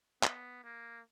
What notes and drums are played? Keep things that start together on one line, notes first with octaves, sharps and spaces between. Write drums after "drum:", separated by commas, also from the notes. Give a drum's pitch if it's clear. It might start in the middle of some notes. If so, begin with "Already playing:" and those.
B3, drum: clap
A#3